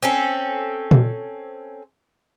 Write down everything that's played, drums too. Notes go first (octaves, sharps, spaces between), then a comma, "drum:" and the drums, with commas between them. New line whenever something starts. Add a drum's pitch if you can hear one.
C4 C#4 A4
drum: tom A#2